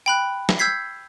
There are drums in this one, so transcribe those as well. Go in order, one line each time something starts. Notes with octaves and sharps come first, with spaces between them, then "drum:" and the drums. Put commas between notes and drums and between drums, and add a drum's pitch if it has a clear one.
G5 B5 F#6
drum: snare
E6 G6 G#6 B6 C7